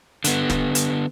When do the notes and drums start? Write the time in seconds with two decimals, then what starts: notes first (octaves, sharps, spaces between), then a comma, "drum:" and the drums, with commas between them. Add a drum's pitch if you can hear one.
0.24 D3 B3, drum: hi-hat
0.50 drum: snare
0.75 drum: hi-hat